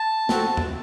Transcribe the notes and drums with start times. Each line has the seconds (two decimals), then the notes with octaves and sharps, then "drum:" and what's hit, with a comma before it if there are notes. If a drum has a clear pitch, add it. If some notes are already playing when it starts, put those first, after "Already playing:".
Already playing: A5
0.29 C4 F#4 A4, drum: snare
0.57 drum: tom E2